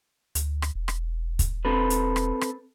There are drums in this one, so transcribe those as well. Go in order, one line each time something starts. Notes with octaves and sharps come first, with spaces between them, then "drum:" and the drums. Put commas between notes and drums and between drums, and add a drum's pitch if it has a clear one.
D2, drum: hi-hat
drum: rim click
E1
drum: rim click
drum: kick, hi-hat
C4 A4 B4
drum: hi-hat
drum: rim click
drum: rim click